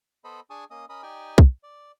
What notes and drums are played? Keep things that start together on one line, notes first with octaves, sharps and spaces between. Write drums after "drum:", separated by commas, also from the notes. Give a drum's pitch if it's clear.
B3 A4 C5 D#5 B5
D4 G#4 G#5 A5 C#6 D#6
A#3 C#4 D#5 D#6
C#4 A#4 D#5 B5 D#6
D#4 G4 D5 D#5 G5 G#5
drum: kick
D5